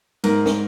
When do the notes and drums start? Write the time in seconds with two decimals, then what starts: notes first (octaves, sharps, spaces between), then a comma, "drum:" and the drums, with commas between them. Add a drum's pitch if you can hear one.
0.24 G#2 A#4, drum: cymbal
0.46 drum: snare